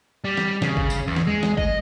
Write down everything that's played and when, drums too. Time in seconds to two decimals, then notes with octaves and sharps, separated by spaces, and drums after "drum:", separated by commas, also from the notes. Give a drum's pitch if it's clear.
0.24 G3
0.37 drum: snare
0.62 C#3, drum: snare
0.77 drum: kick
0.90 drum: tambourine
1.07 E2
1.16 drum: snare
1.27 G#3
1.43 drum: snare
1.58 D#5, drum: kick